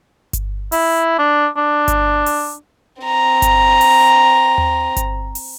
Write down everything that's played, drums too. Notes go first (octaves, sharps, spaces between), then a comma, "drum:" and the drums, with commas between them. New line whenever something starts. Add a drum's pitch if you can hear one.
drum: kick G1, hi-hat
E4, drum: open hi-hat
D4
D4
drum: kick G1, hi-hat
drum: open hi-hat
C4 A#5
drum: kick G1, hi-hat
drum: open hi-hat
drum: tom D#2
drum: kick G1, hi-hat
drum: open hi-hat